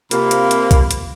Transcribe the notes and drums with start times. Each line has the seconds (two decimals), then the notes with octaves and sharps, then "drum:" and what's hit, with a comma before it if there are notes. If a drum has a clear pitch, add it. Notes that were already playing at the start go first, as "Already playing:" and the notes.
0.11 C3 A#3 F4 G4 F5 B5, drum: hi-hat
0.31 drum: hi-hat
0.51 drum: hi-hat
0.71 drum: kick B1, hi-hat
0.91 drum: hi-hat